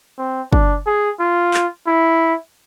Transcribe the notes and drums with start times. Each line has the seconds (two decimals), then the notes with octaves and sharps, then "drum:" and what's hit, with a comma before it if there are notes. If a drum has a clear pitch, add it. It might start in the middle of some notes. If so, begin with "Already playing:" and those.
0.19 C4
0.53 D4, drum: kick
0.87 G#4
1.20 F4
1.54 drum: clap
1.87 E4